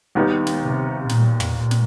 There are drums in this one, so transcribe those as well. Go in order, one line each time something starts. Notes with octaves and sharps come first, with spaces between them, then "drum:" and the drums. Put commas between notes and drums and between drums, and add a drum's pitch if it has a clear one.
D#2 D#3 G3 B3 D#4
drum: snare
C3
A#2, drum: snare
drum: tom
A#2
drum: snare